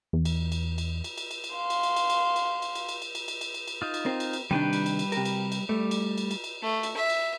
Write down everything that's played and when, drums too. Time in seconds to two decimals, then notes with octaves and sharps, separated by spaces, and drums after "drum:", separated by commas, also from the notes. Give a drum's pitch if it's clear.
0.13 E2
0.25 drum: cymbal
0.52 drum: cymbal
0.78 drum: cymbal
1.04 drum: cymbal
1.18 drum: cymbal
1.31 drum: cymbal
1.44 drum: cymbal
1.55 F5 C6
1.70 drum: cymbal
1.83 drum: cymbal
1.96 drum: cymbal
2.10 drum: cymbal
2.36 drum: cymbal
2.62 drum: cymbal
2.75 drum: cymbal
2.89 drum: cymbal
3.02 drum: cymbal
3.15 drum: cymbal
3.28 drum: cymbal
3.41 drum: cymbal
3.54 drum: cymbal
3.68 drum: cymbal
3.82 D#4 F4
3.94 drum: cymbal
4.06 C4 A#4
4.20 drum: cymbal
4.33 drum: cymbal
4.51 C3 D#3 G3 D4 B4 G5
4.73 drum: cymbal
4.86 drum: cymbal
4.99 drum: cymbal
5.12 C3 A#4, drum: cymbal
5.25 drum: cymbal
5.52 drum: cymbal
5.69 G3 A3
5.91 drum: cymbal
6.18 drum: cymbal
6.31 drum: cymbal
6.44 drum: cymbal
6.62 A3
6.83 drum: cymbal
6.96 E5
7.10 drum: cymbal